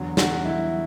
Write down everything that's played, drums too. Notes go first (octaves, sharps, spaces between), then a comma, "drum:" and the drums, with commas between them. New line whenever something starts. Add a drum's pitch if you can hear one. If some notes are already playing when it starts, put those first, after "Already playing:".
Already playing: E2 D3 F#3
F#4, drum: snare
E4